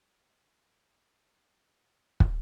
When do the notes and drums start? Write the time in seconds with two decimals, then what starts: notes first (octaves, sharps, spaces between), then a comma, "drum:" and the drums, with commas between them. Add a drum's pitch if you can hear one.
0.39 B2 D3 F3 G3 B3
2.20 drum: kick